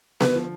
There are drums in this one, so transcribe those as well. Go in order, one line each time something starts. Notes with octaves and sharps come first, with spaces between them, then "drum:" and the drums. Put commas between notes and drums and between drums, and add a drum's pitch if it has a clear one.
D3 B4, drum: snare B3
F3